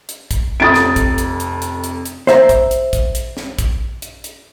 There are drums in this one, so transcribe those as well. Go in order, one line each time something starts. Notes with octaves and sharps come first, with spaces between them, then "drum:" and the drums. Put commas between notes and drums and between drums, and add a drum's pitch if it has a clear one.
drum: hi-hat
drum: kick, hi-hat
F1 F2 D#6 A6 D7
drum: snare
drum: kick, hi-hat
drum: hi-hat
drum: hi-hat
drum: hi-hat
drum: hi-hat
drum: hi-hat
C5 E5 A#5, drum: snare
drum: kick, hi-hat
drum: hi-hat
drum: kick, hi-hat
drum: hi-hat
drum: snare
drum: kick, hi-hat
drum: hi-hat
drum: hi-hat